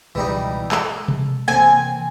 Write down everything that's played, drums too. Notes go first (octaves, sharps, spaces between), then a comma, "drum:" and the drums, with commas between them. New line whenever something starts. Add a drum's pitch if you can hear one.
C#2 B2 E3 G3 G#3 D#4
G#3 A4, drum: clap
drum: tom B2
C3 E3 A#3 C4 G#5 A5